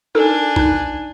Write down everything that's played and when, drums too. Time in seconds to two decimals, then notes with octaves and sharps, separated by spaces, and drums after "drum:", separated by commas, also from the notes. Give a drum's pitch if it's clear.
0.15 D4 D#4 A4 A#4 G#5
0.56 D#4 F#6, drum: kick